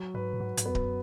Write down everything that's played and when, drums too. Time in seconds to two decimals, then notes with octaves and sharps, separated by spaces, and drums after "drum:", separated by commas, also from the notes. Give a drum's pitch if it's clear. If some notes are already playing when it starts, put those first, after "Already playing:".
Already playing: F#3
0.14 G#2 B4
0.33 A2
0.40 G#2 F#4
0.57 G#2, drum: hi-hat
0.66 E2 B3
0.75 F#2, drum: kick D1